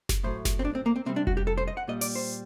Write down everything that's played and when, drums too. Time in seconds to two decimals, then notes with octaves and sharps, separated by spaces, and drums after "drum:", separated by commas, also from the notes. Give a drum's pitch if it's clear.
0.09 drum: snare F#1
0.23 A2 F#3 A3 C5
0.45 drum: snare F#1
0.59 C4
0.65 D4
0.75 C4
0.86 A#3
0.96 C4
1.06 C3 G3 C4
1.16 D4
1.27 F#4, drum: kick F1
1.37 G4
1.47 A4
1.58 C5
1.68 D#5
1.77 F#5
1.88 A#2 G3 D#5
2.01 D5, drum: open hi-hat
2.15 C5